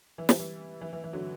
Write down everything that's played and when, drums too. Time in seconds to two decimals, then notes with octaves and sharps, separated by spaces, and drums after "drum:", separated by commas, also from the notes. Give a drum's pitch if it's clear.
0.18 E3
0.29 E3 G3, drum: snare
0.40 E3
0.81 E3
0.93 E3
1.04 E3
1.13 D3 F#3